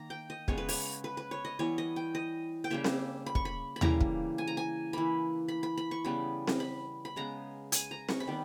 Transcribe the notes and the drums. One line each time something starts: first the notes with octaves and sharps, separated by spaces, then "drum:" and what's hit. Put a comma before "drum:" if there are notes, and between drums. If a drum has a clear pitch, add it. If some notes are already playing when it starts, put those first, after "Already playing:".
Already playing: D#3 A#3 A#5
G5
D#5
C#3 G#3 B3 C#5, drum: kick
B4
C#5, drum: open hi-hat
B4
B4
C#5
D#5
E3 G3 B3 C#5
D#5
G5
D#5
G5
C#3 G3 A#3 E5
drum: snare C4
B5
C#6, drum: kick
B5
B5
C#3 E3 G3 A#3 A#5, drum: tom D#2
drum: kick
G#5
A#5
G#5
E3 A#3 B5
B5
B5
B5
C#6
C#3 G3 B3 B5
drum: snare C4
B5
B5
C#3 G#3 B3 A#5
G#5, drum: hi-hat
A#5
C#6, drum: snare C4
B5
D#3 G3 B3